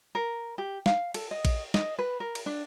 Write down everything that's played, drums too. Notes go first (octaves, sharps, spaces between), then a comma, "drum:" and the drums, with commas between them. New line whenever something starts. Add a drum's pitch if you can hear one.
A#4
G4
F5, drum: snare
A4, drum: cymbal
D#5
drum: kick A#1, cymbal
D#5, drum: snare
B4
A#4
drum: cymbal
D4